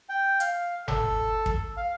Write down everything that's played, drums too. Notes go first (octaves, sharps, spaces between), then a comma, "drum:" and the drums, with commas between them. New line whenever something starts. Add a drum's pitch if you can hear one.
G5
F5, drum: hi-hat
A4, drum: tom G1
drum: kick
F5